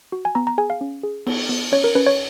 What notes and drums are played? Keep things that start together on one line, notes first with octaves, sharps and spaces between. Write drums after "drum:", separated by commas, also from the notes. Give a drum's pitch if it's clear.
F#4
G#5
B3 A#5
A#5
G#4 G#5
F5
C#4
G#4
B3, drum: cymbal
B3
C#4 C#5
A#4
C#4 B4
C#5